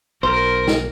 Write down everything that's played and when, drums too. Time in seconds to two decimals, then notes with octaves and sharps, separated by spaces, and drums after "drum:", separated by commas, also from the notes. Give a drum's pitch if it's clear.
0.23 B1 A#4 C5
0.67 drum: snare